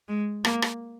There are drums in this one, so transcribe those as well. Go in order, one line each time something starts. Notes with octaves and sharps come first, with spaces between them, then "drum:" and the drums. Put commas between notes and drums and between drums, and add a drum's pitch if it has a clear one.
G#3
A#3, drum: rim click
drum: rim click